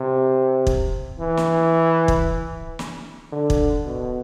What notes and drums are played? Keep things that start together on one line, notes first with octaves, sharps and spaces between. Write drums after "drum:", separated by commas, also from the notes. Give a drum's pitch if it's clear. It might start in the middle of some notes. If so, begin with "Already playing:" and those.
Already playing: C3
drum: kick
E3
drum: snare
drum: kick
drum: snare
D3
drum: kick
B2